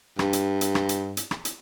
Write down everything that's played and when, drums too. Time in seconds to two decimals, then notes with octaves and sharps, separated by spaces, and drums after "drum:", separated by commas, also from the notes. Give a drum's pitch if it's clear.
0.19 G2, drum: rim click
0.33 drum: hi-hat
0.61 drum: hi-hat
0.75 drum: rim click
0.89 drum: hi-hat
1.17 drum: hi-hat
1.31 drum: rim click
1.45 drum: hi-hat